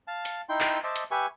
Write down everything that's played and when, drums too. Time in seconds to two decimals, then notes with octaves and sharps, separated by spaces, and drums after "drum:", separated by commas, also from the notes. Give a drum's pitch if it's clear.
0.08 F5 A5
0.25 drum: hi-hat
0.49 D#4 E4 G5 C6
0.60 drum: clap
0.84 C5 D#5 E5 A5 D6
0.96 drum: hi-hat
1.11 G4 B4 E5 G#5 C#6